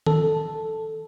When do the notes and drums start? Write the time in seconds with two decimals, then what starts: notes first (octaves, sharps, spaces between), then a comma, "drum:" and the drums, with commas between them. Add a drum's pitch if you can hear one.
0.06 A4, drum: tom D#3